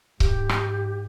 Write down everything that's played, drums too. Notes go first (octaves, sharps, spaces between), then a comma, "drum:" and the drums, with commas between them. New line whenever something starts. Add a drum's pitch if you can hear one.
G#2 G4, drum: kick C#1
drum: rim click